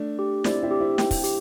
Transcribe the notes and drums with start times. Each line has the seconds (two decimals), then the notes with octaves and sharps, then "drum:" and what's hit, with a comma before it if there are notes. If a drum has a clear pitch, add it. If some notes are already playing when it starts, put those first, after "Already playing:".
Already playing: A3 D4
0.19 G4
0.44 C4 E4 D5, drum: snare
0.63 C4 E4
0.71 G4
0.80 C4 E4
0.98 G5, drum: snare
1.11 drum: kick, open hi-hat
1.24 G4, drum: hi-hat